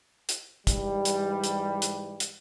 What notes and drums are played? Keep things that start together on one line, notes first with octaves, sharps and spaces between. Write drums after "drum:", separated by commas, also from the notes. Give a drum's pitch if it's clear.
drum: hi-hat
G#2 E3 G3, drum: kick, hi-hat
drum: hi-hat
drum: hi-hat
drum: hi-hat
drum: hi-hat